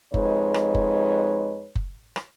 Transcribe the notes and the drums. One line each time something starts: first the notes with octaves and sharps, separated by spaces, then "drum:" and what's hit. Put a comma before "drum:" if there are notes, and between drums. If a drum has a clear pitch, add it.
F2 G#3 D#4 B4 C#5, drum: kick F#1
drum: rim click
drum: kick F#1
drum: kick F#1
drum: rim click